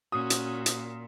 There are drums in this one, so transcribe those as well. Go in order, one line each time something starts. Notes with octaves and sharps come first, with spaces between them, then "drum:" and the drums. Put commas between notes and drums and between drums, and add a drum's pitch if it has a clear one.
A#2 C#4 F#4 D#6
drum: hi-hat
drum: hi-hat